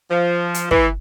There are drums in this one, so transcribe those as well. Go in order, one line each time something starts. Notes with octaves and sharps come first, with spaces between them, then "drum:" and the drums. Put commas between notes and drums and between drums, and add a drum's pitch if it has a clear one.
F3
drum: hi-hat
E3, drum: kick